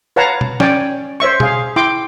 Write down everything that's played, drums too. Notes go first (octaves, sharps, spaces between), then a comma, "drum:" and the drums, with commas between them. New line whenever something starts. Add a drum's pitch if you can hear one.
B4 C#5 F5 F#5 A5 A#5
drum: tom B2
C#4 C#5 D5 G5 G#5, drum: snare
C5 C#5 E5 C#6
G#4 F5, drum: tom B2
E4 G5 C6 D6